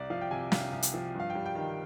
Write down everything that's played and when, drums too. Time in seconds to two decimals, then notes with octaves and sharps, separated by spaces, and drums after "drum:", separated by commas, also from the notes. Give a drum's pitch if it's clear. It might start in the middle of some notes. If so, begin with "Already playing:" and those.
Already playing: C2 D5
0.10 F3 F5
0.21 G5
0.31 C3 G#5
0.52 C2 F5, drum: snare
0.72 C2
0.83 drum: hi-hat
0.94 F3
1.14 G2
1.20 F5
1.30 G5
1.35 G3
1.46 G5
1.55 D#3